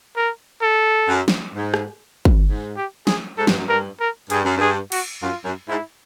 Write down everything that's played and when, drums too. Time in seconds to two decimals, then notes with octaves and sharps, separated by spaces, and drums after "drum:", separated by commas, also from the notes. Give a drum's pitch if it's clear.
0.16 A#4
0.62 A4
1.08 F#2
1.28 drum: snare
1.55 G#2
1.74 drum: rim click
2.25 drum: kick
2.46 G#2
2.77 G4
3.07 G#4, drum: snare
3.38 G#2 A4
3.47 G2, drum: snare
3.57 F#2
3.66 G2 A#4
4.00 A#4
4.30 G2 G#4, drum: hi-hat
4.44 F#2
4.57 G2 G#4
4.92 F#4, drum: cymbal
5.22 F#2 F4
5.45 F#2
5.68 G#2 E4